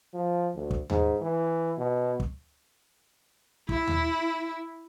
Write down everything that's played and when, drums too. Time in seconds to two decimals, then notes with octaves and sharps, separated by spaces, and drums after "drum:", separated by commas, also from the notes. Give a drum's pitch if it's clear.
0.14 F3
0.55 D2
0.71 drum: kick
0.90 G#2, drum: tom D#2
1.21 E3
1.78 B2
2.20 drum: kick
3.69 E4, drum: kick
3.88 drum: tom D#2